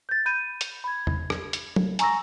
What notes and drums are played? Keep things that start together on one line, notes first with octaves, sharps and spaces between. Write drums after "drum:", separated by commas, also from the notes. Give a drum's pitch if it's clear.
G6 A6
B5 G6 D#7
drum: hi-hat
B5 G#6
drum: tom E2
drum: rim click
drum: hi-hat
drum: tom F#3
G#5 A#5 C#6 E6 A#6, drum: hi-hat